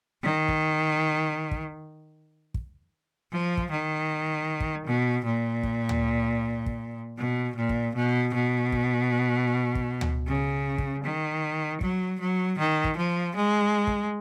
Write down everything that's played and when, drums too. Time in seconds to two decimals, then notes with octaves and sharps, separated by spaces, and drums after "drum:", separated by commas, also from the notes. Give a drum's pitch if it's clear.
0.23 D#3
0.48 drum: kick
1.51 drum: kick
2.54 drum: kick
3.32 F3
3.57 drum: kick
3.71 D#3
4.60 drum: kick
4.87 B2
5.25 A#2
5.63 drum: kick
5.89 drum: tom D2
6.66 drum: kick
7.18 B2
7.56 A#2
7.69 drum: kick
7.95 B2
8.34 B2
8.72 drum: kick
9.75 drum: kick
10.01 drum: tom D2
10.27 C#3
10.78 drum: kick
11.04 D#3
11.81 F#3, drum: kick
12.20 F#3
12.59 D#3
12.84 drum: kick
12.97 F3
13.36 G#3
13.87 drum: kick